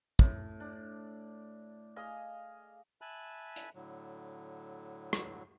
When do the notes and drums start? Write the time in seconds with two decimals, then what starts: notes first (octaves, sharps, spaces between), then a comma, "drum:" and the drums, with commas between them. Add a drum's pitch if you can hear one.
0.19 A2, drum: kick
0.60 D4
1.96 G#4 D#5 F5
3.01 E5 G#5 A5 B5 F#6
3.56 drum: hi-hat
3.75 A2 D3 F#3
5.13 drum: rim click